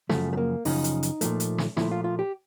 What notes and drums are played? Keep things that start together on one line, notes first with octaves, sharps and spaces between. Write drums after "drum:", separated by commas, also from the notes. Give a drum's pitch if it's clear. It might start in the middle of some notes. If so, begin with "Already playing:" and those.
F#2 C#3 F3 A3, drum: snare
A3
A#3
F#2 C#3 F3 D#4, drum: open hi-hat
drum: hi-hat
drum: hi-hat
A#2 F3 A3, drum: hi-hat
drum: hi-hat
drum: snare
A#2 F3 A3 E4, drum: snare
F4
F4
G4